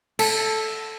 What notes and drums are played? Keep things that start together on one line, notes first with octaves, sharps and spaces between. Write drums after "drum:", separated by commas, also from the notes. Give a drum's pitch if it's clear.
A4, drum: cymbal